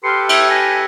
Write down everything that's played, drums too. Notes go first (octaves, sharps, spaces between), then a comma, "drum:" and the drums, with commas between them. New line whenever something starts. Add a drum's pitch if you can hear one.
G4 A4 B4 C6 F6 C#7
E5 E6 F6 G#6, drum: cymbal
G#5 A#6 B6